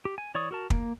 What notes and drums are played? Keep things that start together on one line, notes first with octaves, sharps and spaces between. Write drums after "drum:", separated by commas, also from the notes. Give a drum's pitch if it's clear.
G4
G#5
E3 C#5 D5 C#6 D#6
F#4 A#4 A5
A#3, drum: kick